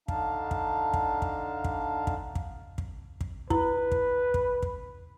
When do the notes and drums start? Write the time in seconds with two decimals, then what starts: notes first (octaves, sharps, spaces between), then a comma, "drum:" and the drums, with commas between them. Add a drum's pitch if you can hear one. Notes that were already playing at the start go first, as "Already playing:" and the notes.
0.08 D3 D4 D#4 F5 A5, drum: kick
0.51 drum: kick
0.94 drum: kick
1.22 drum: kick
1.65 drum: kick
2.07 drum: kick
2.35 drum: kick
2.78 drum: kick
3.21 drum: kick
3.50 E4 B4, drum: kick
3.92 drum: kick
4.34 drum: kick
4.63 drum: kick